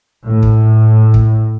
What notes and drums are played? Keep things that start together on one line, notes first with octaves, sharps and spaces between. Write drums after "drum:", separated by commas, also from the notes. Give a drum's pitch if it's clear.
A2
drum: kick
drum: kick